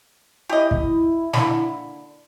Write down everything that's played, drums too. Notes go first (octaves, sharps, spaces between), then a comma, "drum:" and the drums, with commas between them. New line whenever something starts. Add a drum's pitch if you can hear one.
E4 G4 D#5
drum: kick
D3 A#3 B5, drum: snare